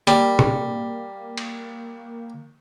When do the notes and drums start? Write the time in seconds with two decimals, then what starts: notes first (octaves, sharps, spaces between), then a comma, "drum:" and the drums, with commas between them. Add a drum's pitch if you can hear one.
0.07 G3 A#3, drum: hi-hat
0.39 drum: tom
1.38 drum: cymbal